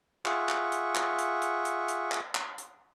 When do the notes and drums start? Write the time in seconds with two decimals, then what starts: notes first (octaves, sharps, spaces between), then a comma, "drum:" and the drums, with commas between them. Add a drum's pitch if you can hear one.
0.25 F4 G#4 E5 F#5 C#6, drum: clap
0.49 drum: clap
0.72 drum: hi-hat
0.95 drum: clap
1.19 drum: hi-hat
1.42 drum: hi-hat
1.65 drum: hi-hat
1.88 drum: hi-hat
2.12 drum: clap
2.35 drum: clap
2.58 drum: hi-hat